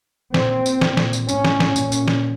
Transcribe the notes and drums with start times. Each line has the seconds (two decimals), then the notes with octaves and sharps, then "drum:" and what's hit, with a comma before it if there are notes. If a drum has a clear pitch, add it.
0.34 A#2 C4, drum: snare
0.66 drum: tambourine
0.81 A#2, drum: snare
0.97 drum: snare
1.13 drum: tambourine
1.29 A2 C#4, drum: tambourine
1.45 drum: snare
1.60 drum: snare
1.76 A#2, drum: tambourine
1.92 drum: tambourine
2.08 drum: snare